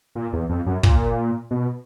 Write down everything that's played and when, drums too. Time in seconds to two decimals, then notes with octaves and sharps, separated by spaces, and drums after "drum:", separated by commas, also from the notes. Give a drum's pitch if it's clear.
0.15 A#2
0.33 E2
0.49 F2
0.66 F#2
0.83 A#2, drum: kick
1.51 B2